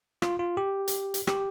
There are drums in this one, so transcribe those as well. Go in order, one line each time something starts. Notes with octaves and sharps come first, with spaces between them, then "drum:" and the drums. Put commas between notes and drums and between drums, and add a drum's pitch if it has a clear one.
F4, drum: rim click
F4
G4
drum: hi-hat
drum: hi-hat
G4, drum: rim click